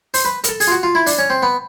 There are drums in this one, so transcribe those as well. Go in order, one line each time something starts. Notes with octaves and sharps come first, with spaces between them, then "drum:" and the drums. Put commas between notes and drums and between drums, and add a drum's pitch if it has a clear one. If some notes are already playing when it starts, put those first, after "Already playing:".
C5, drum: open hi-hat
B4
A#4, drum: hi-hat
A4
G#4, drum: open hi-hat
F4
F#4
F4
E4
D4, drum: open hi-hat
C#4
C4
B3